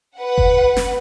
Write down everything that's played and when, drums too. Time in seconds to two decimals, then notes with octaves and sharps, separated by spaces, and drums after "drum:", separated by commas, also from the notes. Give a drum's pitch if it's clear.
0.18 B4 F#5
0.38 drum: kick F#1
0.77 drum: snare